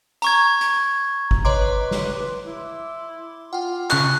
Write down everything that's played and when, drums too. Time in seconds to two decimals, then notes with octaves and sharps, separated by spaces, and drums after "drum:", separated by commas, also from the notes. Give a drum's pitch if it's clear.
0.22 A#5 C#6 G#6, drum: tambourine
0.61 drum: hi-hat
1.31 drum: kick G1
1.45 B4 C#5 D#5 A#5 C6 D6
1.91 drum: snare
2.45 E4
3.53 F4 F#5 G5
3.91 C#3 C#6 F#6, drum: clap